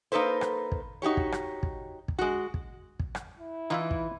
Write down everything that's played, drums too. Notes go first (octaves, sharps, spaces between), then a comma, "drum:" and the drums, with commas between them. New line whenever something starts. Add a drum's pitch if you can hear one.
A#3 D#4 A4 B4 C5
drum: rim click
drum: kick
D#4 F#4 G4 C#5
drum: kick
drum: rim click
drum: kick
drum: kick
G#3 F#4
drum: kick
drum: kick
drum: rim click
E4
E3 D#4 F4 E5
drum: kick